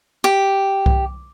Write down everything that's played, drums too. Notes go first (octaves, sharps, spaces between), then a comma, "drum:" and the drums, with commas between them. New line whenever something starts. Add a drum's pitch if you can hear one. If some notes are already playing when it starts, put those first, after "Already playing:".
G4
drum: kick C2